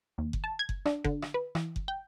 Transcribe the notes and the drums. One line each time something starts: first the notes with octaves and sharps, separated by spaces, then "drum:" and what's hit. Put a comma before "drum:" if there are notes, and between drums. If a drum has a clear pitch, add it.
D#2
drum: kick F#1
A5
G#6
drum: kick F#1
D4, drum: rim click
D3, drum: kick F#1
drum: rim click
B4
E3, drum: rim click
drum: kick F#1
G5